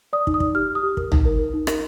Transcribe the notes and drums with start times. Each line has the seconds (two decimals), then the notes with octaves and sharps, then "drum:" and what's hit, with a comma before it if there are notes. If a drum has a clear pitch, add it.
0.13 D5 D#6
0.27 D#4, drum: kick
0.34 D#6
0.40 D#4, drum: kick
0.55 G4 F6
0.69 G4
0.75 D#6
0.83 G4
0.97 A#4, drum: kick
1.12 D#4, drum: tom
1.25 A#4
1.39 A#4
1.53 D#4
1.67 A#4, drum: rim click